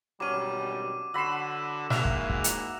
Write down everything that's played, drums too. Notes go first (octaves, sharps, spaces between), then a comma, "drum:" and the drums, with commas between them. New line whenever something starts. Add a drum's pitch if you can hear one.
G#1 B2 F#3 G3 C#4 D6 D#7
D3 F#4 B5 C6 E6 E7
G#2 G#3 A#3 F#4 E5 F#6 F7, drum: snare
drum: kick
drum: kick
drum: hi-hat